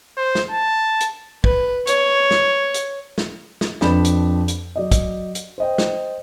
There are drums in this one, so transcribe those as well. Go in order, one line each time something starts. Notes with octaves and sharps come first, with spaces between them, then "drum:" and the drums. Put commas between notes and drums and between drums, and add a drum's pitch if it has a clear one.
C5
drum: snare
A5
drum: hi-hat
B4, drum: kick
C#5, drum: hi-hat
drum: snare
drum: hi-hat
drum: snare
drum: snare
F2 D4 B4 B5 G6 E7, drum: snare
drum: hi-hat
drum: hi-hat
F#3 D5 D#5
drum: kick, hi-hat
drum: hi-hat
C5 D#5 G5
drum: snare